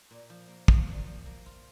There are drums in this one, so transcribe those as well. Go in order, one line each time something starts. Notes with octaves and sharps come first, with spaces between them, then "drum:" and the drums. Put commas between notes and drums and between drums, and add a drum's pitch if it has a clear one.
A#2
F3
A#3
F4, drum: kick
A#2
F3
A#3
F4